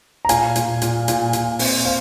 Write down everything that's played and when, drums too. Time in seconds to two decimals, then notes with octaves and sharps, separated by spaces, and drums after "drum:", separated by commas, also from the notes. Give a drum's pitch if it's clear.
0.25 A#5
0.29 A#2 F5 G#5, drum: hi-hat
0.56 A#2, drum: hi-hat
0.82 A#2, drum: hi-hat
1.08 A#2, drum: hi-hat
1.33 A#2, drum: hi-hat
1.59 C4, drum: open hi-hat
1.85 C4 F5